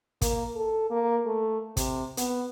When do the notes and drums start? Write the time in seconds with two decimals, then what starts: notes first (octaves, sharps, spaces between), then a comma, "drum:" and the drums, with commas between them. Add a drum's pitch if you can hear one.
0.22 A#3, drum: kick, hi-hat
0.56 A4
0.90 A#3
1.26 A3
1.77 C3, drum: kick, hi-hat
2.17 B3, drum: hi-hat